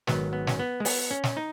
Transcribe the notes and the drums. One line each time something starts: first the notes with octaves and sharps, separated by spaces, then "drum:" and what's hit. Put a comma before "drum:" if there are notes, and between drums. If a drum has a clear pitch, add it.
G#1 G#2 D#3 F#3 B3, drum: snare
B3
C#4, drum: snare
B3
G#3
B3, drum: open hi-hat
C#4
drum: snare
D#4